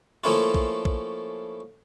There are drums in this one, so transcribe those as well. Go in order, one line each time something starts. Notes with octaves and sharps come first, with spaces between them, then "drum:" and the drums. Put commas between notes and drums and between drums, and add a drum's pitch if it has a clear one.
F3 A3 A#3 C#4 E4 F4
drum: kick A#1
drum: kick A#1